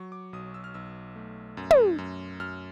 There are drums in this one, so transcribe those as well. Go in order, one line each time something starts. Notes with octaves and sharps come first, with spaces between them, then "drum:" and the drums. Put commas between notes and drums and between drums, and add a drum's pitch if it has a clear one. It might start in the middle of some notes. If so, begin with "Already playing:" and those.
Already playing: F#3 C#6
D6
B1 D#6
E6
F6
B1 E6
A3
F#2
drum: tom
F#2
F#2 F6